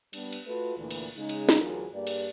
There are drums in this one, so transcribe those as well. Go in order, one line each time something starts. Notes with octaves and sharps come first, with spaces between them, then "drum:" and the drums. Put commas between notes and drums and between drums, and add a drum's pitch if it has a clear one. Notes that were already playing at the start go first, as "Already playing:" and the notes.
G3 B3 D4, drum: cymbal
drum: cymbal
A3 F4 F#4 A4 B4
D2 A#2 E3
drum: cymbal
C#3 G#3 D#4
drum: cymbal
drum: snare
D2 E3 F#3 F4 G#4 A#4
G2 A#3 G4 G#4 D5
drum: cymbal